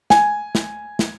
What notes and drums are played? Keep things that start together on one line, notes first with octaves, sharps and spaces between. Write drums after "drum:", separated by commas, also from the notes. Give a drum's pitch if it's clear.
G#5, drum: snare
drum: snare
drum: snare